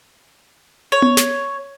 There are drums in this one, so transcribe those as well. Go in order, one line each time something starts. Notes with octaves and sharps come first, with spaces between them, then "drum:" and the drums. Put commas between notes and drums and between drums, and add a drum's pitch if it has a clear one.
C#5
drum: tom B3
drum: snare